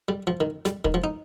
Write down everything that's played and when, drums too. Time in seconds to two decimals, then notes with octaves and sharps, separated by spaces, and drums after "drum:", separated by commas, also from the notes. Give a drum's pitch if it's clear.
0.08 G3
0.27 F3
0.40 D#3
0.65 G3, drum: snare
0.85 D#3, drum: kick
0.94 F3
1.04 D#4